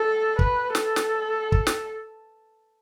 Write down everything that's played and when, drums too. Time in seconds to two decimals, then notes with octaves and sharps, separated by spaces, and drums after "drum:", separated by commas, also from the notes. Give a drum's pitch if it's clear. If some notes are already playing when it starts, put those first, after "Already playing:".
Already playing: A4
0.39 B4, drum: kick
0.75 A4, drum: snare
0.96 drum: snare
1.52 drum: kick
1.67 drum: snare